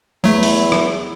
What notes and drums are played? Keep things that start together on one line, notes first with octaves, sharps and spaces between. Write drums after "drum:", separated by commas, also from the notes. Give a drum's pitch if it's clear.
E2 F#3 A3 E4
drum: open hi-hat
drum: rim click